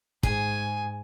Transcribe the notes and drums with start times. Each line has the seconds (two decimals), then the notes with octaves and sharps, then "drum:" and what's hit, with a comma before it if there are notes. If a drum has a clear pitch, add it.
0.23 G#2 G#4 G#5, drum: kick